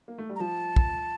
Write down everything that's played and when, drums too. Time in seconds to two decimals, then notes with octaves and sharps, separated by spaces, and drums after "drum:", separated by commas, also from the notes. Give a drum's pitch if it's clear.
0.08 A#3
0.18 A3
0.29 G3
0.36 A#5
0.40 F3 A5
0.76 drum: kick